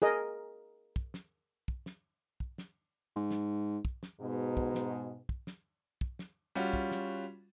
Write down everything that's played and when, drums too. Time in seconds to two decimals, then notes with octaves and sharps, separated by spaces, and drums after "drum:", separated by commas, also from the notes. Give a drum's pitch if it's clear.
0.02 G#4 A#4 D#5
0.96 drum: kick
1.14 drum: snare
1.68 drum: kick
1.86 drum: snare
2.40 drum: kick
2.58 drum: snare
3.16 G#2
3.31 drum: snare
3.85 drum: kick
4.03 drum: snare
4.21 G#2 B2
4.57 drum: kick
4.75 drum: snare
5.29 drum: kick
5.47 drum: snare
6.01 drum: kick
6.19 drum: snare
6.55 G3 C#4 F4 F#4
6.73 drum: kick
6.91 drum: snare